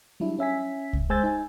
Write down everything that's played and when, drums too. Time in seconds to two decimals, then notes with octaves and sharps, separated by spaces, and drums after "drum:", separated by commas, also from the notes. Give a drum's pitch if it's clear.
0.20 F#3 G3 D4 E4
0.39 C#4 E5 G#5 B6
0.93 drum: kick C2
1.10 G#3 C5 G#5 E6 G6 A6
1.23 D#4 G#5